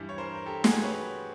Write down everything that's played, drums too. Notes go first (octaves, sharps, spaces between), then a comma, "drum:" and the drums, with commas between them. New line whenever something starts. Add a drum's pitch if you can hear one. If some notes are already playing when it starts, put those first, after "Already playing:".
Already playing: G2 E3 G3
C#5
A#4 C5
A#4
G4 A4
F#4 G#4, drum: snare
B4 C#5